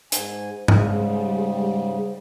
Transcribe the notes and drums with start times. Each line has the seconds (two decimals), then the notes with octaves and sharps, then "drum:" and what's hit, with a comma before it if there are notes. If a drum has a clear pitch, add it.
0.12 G#2 G#5, drum: hi-hat
0.68 G#2 C#3 G3 G#3, drum: tom G#2